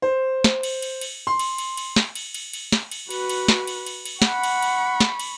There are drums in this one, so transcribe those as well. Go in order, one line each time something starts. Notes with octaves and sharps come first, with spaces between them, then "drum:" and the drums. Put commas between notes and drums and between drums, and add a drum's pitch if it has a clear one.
C5
drum: snare
drum: cymbal
drum: cymbal
drum: cymbal
C6
drum: cymbal
drum: cymbal
drum: cymbal
drum: snare
drum: cymbal
drum: cymbal
drum: cymbal
drum: snare
drum: cymbal
F#4 B4, drum: cymbal
drum: cymbal
drum: snare
drum: cymbal
drum: cymbal
drum: cymbal
F#5 B5 C#6, drum: snare
drum: cymbal
drum: cymbal
drum: snare
drum: cymbal